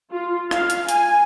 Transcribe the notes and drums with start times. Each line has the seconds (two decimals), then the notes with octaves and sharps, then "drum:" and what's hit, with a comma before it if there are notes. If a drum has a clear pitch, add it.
0.12 F4
0.51 F5, drum: rim click
0.70 drum: hi-hat
0.89 G#5, drum: hi-hat